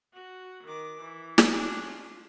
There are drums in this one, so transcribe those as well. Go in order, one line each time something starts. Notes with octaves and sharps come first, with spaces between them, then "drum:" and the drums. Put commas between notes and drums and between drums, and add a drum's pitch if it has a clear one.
F#4
D#3 D6
E3
drum: snare
C#4 D4
F4